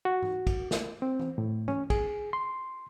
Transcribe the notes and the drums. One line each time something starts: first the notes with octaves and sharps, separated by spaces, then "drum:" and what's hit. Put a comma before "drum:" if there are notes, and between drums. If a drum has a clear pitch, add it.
F#4
drum: tom G#2
drum: kick, cymbal
drum: snare
C4
drum: tom
A2
C#4, drum: tom G#2
G#4, drum: kick, cymbal
C6